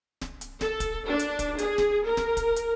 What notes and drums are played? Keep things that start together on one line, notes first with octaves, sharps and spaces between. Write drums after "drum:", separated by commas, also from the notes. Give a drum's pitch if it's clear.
drum: snare D1
drum: hi-hat
A4, drum: snare D1
drum: kick, hi-hat
D4
drum: hi-hat
drum: kick, hi-hat
G#4, drum: hi-hat
drum: snare D1
A#4
drum: snare D1
drum: kick, hi-hat
drum: hi-hat